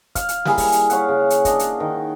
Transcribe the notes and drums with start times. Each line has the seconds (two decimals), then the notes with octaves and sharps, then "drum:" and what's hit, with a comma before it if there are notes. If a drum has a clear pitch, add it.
0.15 F5, drum: kick, hi-hat
0.29 drum: hi-hat
0.45 G3 A#3 E4 G#4, drum: snare
0.58 drum: kick, open hi-hat
0.72 drum: hi-hat
0.90 C#5 F5 F#5, drum: hi-hat
1.09 C#3
1.30 drum: hi-hat
1.45 D4 D#5, drum: kick, hi-hat
1.59 drum: hi-hat
1.80 D#3